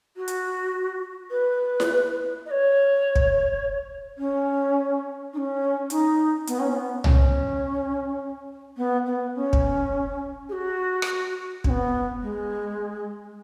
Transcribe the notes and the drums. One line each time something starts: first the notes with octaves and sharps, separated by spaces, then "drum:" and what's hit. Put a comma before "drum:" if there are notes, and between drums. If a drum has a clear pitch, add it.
F#4
drum: hi-hat
B4
drum: snare E4
D#5
C#5
drum: kick
C#4
D#4
C#4
D#4, drum: hi-hat
B3, drum: hi-hat
C#4
C#4
B3
C#4, drum: tom C2
B3
B3
C#4
drum: kick
G#4
F#4
drum: rim click
C#4, drum: kick
B3
G#3